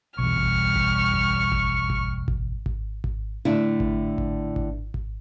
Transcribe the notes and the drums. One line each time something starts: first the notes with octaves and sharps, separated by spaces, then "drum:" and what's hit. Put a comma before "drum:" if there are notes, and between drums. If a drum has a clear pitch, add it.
B1 E2 G3 C#6 F6
drum: kick G#1
drum: kick G#1
drum: kick G#1
drum: kick G#1
drum: kick G#1
drum: kick G#1
drum: kick G#1
drum: kick G#1
A2 D3 D4 E4
drum: kick G#1
drum: kick G#1
drum: kick G#1
drum: kick G#1